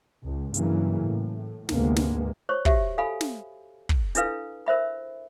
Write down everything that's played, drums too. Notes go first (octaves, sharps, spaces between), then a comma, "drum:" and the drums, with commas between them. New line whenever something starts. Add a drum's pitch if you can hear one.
C#2
G2 C#3 E3 F#3 A#3, drum: hi-hat
A2
D2 G#2 C3 G#3 A#3 B3, drum: snare
drum: snare
C5 C#5 C#6
F#4 G4 E5, drum: kick
A4 F5 G#5 B5
drum: snare
drum: kick
D4 E4 A4 B4 F5, drum: hi-hat
A#4 C5 E5 B5